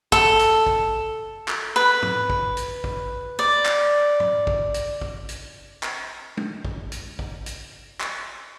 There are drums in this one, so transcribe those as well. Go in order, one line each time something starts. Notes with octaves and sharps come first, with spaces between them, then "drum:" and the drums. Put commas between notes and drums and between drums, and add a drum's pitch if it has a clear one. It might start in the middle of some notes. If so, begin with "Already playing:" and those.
A4, drum: kick
drum: hi-hat
drum: kick
drum: clap
B4
drum: tom
drum: kick
drum: hi-hat
drum: kick
D5
drum: clap
drum: tom
drum: kick
drum: hi-hat
drum: kick
drum: hi-hat
drum: clap
drum: tom
drum: kick
drum: hi-hat
drum: kick
drum: hi-hat
drum: clap